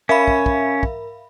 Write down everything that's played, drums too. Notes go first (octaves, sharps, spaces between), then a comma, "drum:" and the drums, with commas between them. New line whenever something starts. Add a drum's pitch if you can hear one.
C#4 A#4 E5 F5 B5
drum: kick
drum: kick
drum: kick